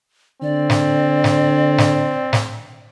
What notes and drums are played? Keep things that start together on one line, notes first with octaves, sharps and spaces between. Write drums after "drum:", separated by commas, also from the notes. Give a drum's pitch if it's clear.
D3 C4 D5
drum: snare
drum: snare
drum: snare
drum: snare